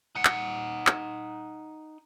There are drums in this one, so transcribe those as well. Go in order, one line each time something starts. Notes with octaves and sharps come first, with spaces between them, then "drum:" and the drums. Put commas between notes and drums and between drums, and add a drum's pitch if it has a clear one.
D#4 F#5
drum: clap
drum: clap